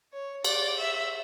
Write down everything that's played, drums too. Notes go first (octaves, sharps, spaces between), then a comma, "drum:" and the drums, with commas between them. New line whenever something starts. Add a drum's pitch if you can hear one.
C#5
D5, drum: cymbal
E5